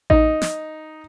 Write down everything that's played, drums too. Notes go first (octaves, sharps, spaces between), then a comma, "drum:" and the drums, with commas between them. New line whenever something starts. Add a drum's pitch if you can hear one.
D#4, drum: kick A1
drum: snare